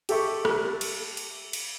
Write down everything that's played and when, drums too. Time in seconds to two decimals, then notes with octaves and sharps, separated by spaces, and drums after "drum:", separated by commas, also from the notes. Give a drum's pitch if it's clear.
0.09 G4 A4 E5 C#6, drum: cymbal
0.45 drum: rim click
0.81 drum: cymbal
1.17 drum: cymbal
1.53 drum: cymbal